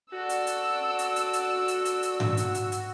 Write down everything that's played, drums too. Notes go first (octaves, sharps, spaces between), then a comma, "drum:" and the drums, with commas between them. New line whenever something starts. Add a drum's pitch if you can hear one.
F#4 A4 D5 E6
drum: hi-hat
drum: hi-hat
drum: hi-hat
drum: hi-hat
drum: hi-hat
drum: hi-hat
drum: hi-hat
drum: hi-hat
drum: tom G#2
drum: hi-hat
drum: hi-hat
drum: hi-hat